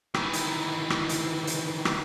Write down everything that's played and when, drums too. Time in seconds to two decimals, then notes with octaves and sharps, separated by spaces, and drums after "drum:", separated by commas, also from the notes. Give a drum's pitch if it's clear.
0.14 D#3 E3, drum: rim click
0.33 drum: hi-hat
0.90 drum: rim click
1.09 drum: hi-hat
1.47 drum: hi-hat
1.85 drum: rim click